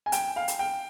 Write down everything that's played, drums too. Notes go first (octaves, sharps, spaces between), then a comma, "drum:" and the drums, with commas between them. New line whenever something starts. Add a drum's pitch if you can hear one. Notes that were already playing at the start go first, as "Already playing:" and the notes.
G#5
G5, drum: hi-hat
F5
drum: hi-hat
G5